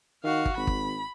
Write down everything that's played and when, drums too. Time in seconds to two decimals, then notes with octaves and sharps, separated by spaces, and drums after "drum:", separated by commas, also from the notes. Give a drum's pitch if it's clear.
0.24 D#3 F#4 F5
0.46 drum: kick
0.57 G#1 B5
0.67 drum: kick